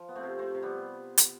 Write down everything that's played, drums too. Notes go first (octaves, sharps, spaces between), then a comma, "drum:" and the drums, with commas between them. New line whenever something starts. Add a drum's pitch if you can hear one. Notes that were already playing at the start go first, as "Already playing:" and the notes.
Already playing: F3
B3
A3 C4
C3
A3 C4
C3
G3 B3
drum: hi-hat